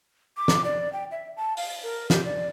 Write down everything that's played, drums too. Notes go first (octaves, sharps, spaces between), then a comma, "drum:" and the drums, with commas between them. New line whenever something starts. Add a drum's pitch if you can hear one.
D6
drum: snare
D5
G5
E5
A5
F5, drum: open hi-hat
A#4
G4, drum: snare
D5